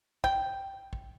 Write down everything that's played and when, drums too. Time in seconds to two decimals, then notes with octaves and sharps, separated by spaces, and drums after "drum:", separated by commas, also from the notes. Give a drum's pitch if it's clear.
0.24 G5, drum: kick
0.93 drum: kick